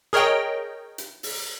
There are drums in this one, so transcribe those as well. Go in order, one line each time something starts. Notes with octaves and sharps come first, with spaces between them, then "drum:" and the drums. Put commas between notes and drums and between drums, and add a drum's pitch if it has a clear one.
G#4 A#4 C#5 D#5 G5
drum: hi-hat
drum: open hi-hat